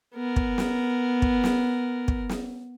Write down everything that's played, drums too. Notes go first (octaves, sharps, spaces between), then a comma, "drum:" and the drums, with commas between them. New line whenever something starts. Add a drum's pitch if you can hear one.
B3 A#4
drum: kick
drum: snare
drum: kick
drum: snare
drum: kick
drum: snare